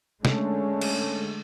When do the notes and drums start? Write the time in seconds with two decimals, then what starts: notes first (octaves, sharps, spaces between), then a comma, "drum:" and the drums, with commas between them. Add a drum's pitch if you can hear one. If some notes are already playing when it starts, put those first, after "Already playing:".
0.25 D3 G#3 A3 C#4, drum: snare
0.81 drum: cymbal